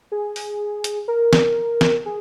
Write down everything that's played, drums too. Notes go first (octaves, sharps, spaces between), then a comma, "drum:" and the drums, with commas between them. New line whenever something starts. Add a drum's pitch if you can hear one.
G#4
drum: open hi-hat
drum: hi-hat
A#4
drum: snare
drum: snare
G#4